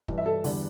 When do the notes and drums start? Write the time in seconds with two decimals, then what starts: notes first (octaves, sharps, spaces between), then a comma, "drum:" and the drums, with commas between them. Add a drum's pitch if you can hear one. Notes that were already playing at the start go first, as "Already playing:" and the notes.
0.08 G2 E3 G3, drum: kick
0.18 E5
0.26 A4
0.44 E2 D3 G3, drum: open hi-hat